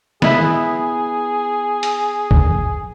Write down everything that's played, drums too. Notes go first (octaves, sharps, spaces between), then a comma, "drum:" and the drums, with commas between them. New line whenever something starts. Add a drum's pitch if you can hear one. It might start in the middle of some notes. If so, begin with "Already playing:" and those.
B3 E4 G#4, drum: snare
drum: hi-hat
drum: kick C#2